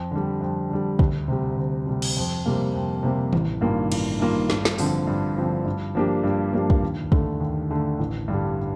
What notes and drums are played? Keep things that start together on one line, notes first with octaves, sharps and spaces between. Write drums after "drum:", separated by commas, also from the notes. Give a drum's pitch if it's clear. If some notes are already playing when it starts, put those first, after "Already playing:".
Already playing: F2
D3 G3
F2
D3 G3
D2, drum: kick
C3 G3
D2
C3 G3
drum: cymbal
F2
C3 G3 A#3
F2
C3 G3 A#3
A1, drum: tom D#3
G2 D#3 A#3 F4
A1, drum: cymbal
G2 D#3 A#3 F4
G2, drum: snare
drum: snare
D3 F3 C4, drum: open hi-hat
G2
D3 F3 C4
G2
F3 A#3 D4 G4
G2
F3 A#3 D4 G4
drum: kick
D#2
D3 A3, drum: kick
D#2
D3 A3
A1
G2 D3 G3